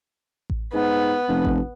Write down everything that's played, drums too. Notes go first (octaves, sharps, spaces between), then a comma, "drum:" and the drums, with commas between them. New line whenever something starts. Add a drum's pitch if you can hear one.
drum: kick A1
G#2 B3
F1
drum: kick A1